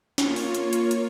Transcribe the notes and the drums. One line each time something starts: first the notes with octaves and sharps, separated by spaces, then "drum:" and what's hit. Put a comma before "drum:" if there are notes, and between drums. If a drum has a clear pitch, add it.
A#3 F4 C#5, drum: snare
drum: open hi-hat
drum: hi-hat
drum: hi-hat
drum: hi-hat